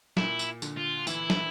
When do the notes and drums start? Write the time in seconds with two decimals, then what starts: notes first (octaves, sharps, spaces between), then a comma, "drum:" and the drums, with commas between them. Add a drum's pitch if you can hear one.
0.17 A#2 E4, drum: snare
0.39 drum: tambourine
0.62 D3, drum: tambourine
0.77 F4
1.07 E3 E4, drum: tambourine
1.30 drum: snare